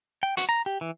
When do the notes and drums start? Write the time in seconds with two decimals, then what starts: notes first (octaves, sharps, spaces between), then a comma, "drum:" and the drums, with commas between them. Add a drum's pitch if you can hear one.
0.23 G5
0.37 F#4, drum: hi-hat
0.49 A#5
0.66 G4
0.81 E3